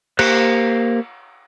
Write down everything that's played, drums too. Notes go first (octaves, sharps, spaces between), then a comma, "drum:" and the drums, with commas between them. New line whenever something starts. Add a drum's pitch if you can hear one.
A#3 G4 C5 F#6, drum: cymbal